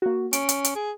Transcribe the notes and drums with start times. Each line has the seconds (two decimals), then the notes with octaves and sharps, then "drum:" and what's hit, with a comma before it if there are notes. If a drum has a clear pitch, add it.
0.02 A#3 F#4
0.33 C#4 D7, drum: hi-hat
0.49 drum: hi-hat
0.64 drum: hi-hat
0.76 G#4